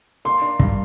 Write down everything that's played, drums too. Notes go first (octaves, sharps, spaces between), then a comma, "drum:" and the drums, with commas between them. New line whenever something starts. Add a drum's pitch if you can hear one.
A#3 C6
D4
G2, drum: kick